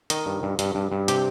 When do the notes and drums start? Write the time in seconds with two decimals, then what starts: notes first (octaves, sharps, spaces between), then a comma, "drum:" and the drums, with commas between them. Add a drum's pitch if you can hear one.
0.10 D#3 D#5, drum: hi-hat
0.26 G2
0.43 G2
0.59 G2, drum: hi-hat
0.75 G2
0.92 G2
1.08 C3 G4, drum: hi-hat